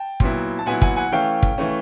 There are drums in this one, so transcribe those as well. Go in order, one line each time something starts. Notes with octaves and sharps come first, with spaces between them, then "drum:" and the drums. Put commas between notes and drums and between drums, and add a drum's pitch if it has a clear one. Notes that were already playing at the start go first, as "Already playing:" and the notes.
Already playing: G5 A5
A#2 F#3 B3 E4, drum: kick
A5
A#2 F#3 B3 E4 F#5 G#5
F#5 G#5, drum: kick
F#5 G#5
E3 A3 C#4 F5 G5
drum: kick
E3 A3 C#4